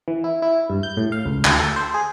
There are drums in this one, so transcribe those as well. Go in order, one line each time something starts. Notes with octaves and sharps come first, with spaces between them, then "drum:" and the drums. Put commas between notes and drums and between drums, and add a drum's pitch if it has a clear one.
E3
E4
E4
G2
G6
A2
F5
C#2
D2, drum: clap
A4
C5
G#4